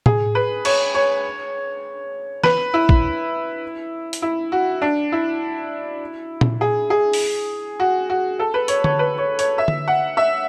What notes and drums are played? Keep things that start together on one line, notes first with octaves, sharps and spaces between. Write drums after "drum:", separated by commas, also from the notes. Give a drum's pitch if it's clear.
G#4, drum: tom
B4
C#5, drum: cymbal
C#5
B4, drum: snare
E4
drum: kick
drum: hi-hat
E4
F#4
D4
E4
drum: tom A#2
G#4
G#4
drum: open hi-hat
F#4
F#4
A4
B4
C#5, drum: hi-hat
C#5, drum: tom D3
B4
C#5
C#5, drum: hi-hat
E5
drum: tom D3
F#5
E5